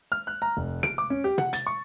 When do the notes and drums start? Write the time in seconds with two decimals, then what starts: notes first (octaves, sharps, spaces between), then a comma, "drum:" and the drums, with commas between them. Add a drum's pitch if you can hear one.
0.12 F6
0.27 F#6
0.42 A#5
0.57 F1
0.83 D7, drum: tom
0.98 D6
1.10 C#4
1.24 G4
1.38 F#5, drum: tom
1.53 A6, drum: hi-hat
1.67 C#6